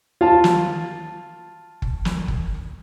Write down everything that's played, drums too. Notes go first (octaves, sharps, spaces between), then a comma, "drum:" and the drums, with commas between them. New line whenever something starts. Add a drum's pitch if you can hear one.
F4 A5
drum: snare
drum: kick F#1
drum: snare
drum: kick F#1